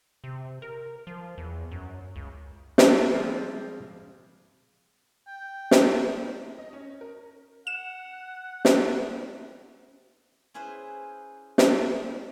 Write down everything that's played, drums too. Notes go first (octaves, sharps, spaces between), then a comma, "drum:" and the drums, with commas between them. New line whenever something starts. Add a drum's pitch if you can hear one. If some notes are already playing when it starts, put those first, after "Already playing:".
C3
A#4
F3
E2
F#2
C#2
drum: snare
F3 G3 G#3 C4 F4
G5
drum: snare
D#5
C#4
A#4
F#5 E7
drum: snare
C#4 E4 G#4 B4 C5
drum: snare